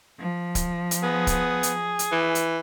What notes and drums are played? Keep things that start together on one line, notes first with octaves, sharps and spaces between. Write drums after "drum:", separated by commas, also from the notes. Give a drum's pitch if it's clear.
F3
drum: kick D1, hi-hat
drum: hi-hat
B3 G#4
drum: kick D1, hi-hat
drum: hi-hat
drum: hi-hat
E3
drum: hi-hat